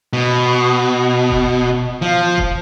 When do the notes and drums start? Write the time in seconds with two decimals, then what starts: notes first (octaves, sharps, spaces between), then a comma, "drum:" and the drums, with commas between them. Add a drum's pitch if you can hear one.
0.13 B2
1.30 drum: kick E1
2.02 F3
2.38 drum: kick E1